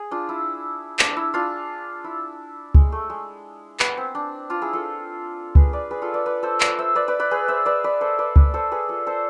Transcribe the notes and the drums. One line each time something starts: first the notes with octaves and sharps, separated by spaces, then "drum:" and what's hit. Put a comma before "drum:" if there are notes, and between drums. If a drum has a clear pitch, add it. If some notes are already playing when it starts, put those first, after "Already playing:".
Already playing: G#4
D4 F4
E4
D4, drum: clap
E4
D4 F4
E4
G#3, drum: kick C#2
A3
G#3
B3, drum: clap
C4
D4
D4 F4
E4 G#4
F4 A4
G#4 B4, drum: kick C#2
B4 D5
G#4 B4
F4 A4
B4 D5
B4 D5
A4 C5
B4 D5, drum: clap
C5 E5
B4 D5
B4 D5
B4 D5
G#4 B4
C5 E5
B4 D5
B4 D5
A4 C5
B4 D5
B4 D5, drum: kick C#2
A4 C5
G#4 B4
F4 A4
A4 C5